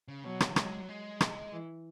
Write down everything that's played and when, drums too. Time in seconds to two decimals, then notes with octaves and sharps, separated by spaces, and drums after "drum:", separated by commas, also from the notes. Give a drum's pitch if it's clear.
0.08 C#3
0.24 B2 F#3
0.40 drum: rim click
0.56 G#3, drum: rim click
0.80 F#3
0.89 G#3
1.21 drum: rim click
1.53 E3